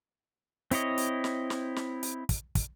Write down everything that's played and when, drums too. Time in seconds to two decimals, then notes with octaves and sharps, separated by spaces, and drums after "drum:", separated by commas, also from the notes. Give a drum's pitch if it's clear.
0.71 C4 E4 C#5 D#5, drum: hi-hat
0.98 drum: hi-hat
1.24 drum: snare
1.50 drum: snare
1.76 drum: snare
2.03 drum: hi-hat
2.29 drum: kick, hi-hat
2.55 drum: kick, hi-hat